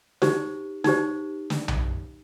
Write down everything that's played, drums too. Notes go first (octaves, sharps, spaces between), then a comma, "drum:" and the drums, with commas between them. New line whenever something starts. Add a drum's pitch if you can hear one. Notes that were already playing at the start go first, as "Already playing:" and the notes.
D#4 G4 C5, drum: snare
D#4 G4 C5, drum: snare
drum: snare
drum: tom B1